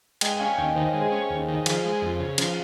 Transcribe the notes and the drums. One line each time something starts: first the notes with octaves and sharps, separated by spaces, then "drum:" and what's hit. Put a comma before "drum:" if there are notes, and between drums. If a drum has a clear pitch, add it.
G#3 D#5 G5, drum: cymbal
C#4 F5 G#5
D#2 D#5 G5
D#3 C5
G#3 C#5
G#4 C5
C#4
D#2
D#3
F3 G#4 C5, drum: cymbal
G#3
F2
C#3
F3 C#4, drum: cymbal